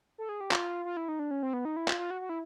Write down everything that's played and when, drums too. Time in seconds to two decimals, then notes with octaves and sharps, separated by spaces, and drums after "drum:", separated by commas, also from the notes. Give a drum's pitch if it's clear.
0.18 A4
0.29 G#4
0.41 G4
0.51 F4, drum: clap
0.85 F4
0.97 E4
1.08 D#4
1.19 D4
1.31 C#4
1.43 C4
1.53 B3
1.65 D#4
1.76 E4
1.88 F4, drum: clap
1.99 F4
2.10 F#4
2.21 F#4
2.29 E4